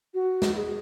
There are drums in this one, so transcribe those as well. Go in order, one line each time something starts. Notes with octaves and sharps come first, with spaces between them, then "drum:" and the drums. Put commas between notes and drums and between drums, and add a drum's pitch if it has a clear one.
F#4
drum: snare
G#4